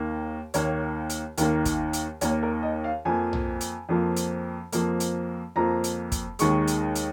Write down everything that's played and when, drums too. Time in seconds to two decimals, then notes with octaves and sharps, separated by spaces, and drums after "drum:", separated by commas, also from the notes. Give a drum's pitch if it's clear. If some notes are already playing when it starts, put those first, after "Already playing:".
Already playing: D#2 D#3 A#3
0.54 D#2 D#3 A#3 C#5, drum: hi-hat
1.10 drum: hi-hat
1.38 D#2 D#3 A#3 A#4, drum: hi-hat
1.65 drum: kick, hi-hat
1.93 drum: hi-hat
2.21 D#2 D#3 A#3 C#5, drum: hi-hat
2.43 A#4
2.63 D#5
2.84 F5
3.05 F2 F3 A#3 G#5
3.33 drum: tom B1
3.61 drum: hi-hat
3.89 F2 F3 A#3
4.17 drum: hi-hat
4.73 F2 F3 A#3, drum: hi-hat
5.00 drum: hi-hat
5.56 F2 F3 A#3 A#5
5.84 drum: hi-hat
6.12 drum: kick, hi-hat
6.39 D#2 D#3 G#3 C#6, drum: hi-hat
6.68 drum: hi-hat
6.95 drum: hi-hat